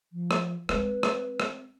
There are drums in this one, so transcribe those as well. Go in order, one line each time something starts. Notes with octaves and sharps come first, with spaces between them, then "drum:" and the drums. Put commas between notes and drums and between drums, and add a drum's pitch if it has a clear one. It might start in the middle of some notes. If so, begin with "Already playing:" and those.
F3
drum: rim click
G#3 C4 B4, drum: rim click
drum: rim click
drum: rim click